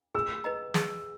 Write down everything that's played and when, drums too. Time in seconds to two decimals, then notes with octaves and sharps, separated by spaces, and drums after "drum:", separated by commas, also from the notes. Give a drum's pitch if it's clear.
0.15 G#4 E6
0.44 B4 D#5 A#5
0.74 G#4, drum: snare